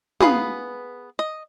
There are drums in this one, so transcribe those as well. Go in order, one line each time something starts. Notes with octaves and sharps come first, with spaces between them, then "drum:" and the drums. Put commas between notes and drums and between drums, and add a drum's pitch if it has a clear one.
B3 G#4 B4 F5, drum: tom
D#5